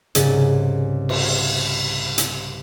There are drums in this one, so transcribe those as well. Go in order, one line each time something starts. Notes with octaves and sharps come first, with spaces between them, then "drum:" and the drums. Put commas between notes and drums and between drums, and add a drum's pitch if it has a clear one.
C2 G#2 C#3 G#4 A6, drum: hi-hat
drum: cymbal
drum: hi-hat